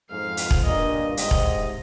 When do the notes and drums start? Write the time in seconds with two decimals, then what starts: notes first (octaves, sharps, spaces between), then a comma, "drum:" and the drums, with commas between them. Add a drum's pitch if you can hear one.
0.10 F2 G#2 F5
0.37 drum: hi-hat
0.51 drum: kick E1
0.63 G2 A#2 D#5
1.17 G#2 C3 D#5, drum: hi-hat
1.31 drum: kick E1